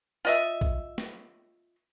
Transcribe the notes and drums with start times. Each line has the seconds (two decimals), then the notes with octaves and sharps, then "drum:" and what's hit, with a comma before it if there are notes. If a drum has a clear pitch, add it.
0.25 F4 D#5 E5
0.61 drum: kick A#1
0.98 drum: snare